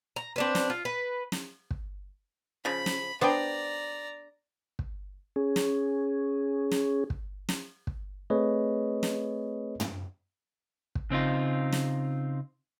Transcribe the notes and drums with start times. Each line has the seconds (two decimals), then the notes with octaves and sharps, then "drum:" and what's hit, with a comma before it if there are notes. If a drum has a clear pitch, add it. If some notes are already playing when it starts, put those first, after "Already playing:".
0.16 A#5
0.36 C4 D4 B4
0.55 drum: snare
0.70 F4
0.85 B4
1.32 drum: snare
1.71 drum: kick
2.65 C#3 F3 B5
2.86 drum: snare
3.21 B3 D4 G#4 C5 D5 G5 A#5
4.79 drum: kick
5.36 C#4 G#4
5.56 drum: snare
6.71 drum: snare
7.10 drum: kick
7.49 drum: snare
7.87 drum: kick
8.30 A3 C4 G#4 B4 C#5 D#5
9.03 drum: snare
9.80 drum: tom
10.95 drum: kick
11.10 C#3 C4 D#4 F4
11.72 drum: snare